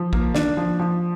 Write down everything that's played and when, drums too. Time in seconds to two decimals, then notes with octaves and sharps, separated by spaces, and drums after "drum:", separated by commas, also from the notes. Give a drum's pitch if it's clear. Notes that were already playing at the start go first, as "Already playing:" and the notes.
Already playing: F3
0.13 A#3, drum: kick
0.35 D4, drum: snare
0.57 F3
0.79 F3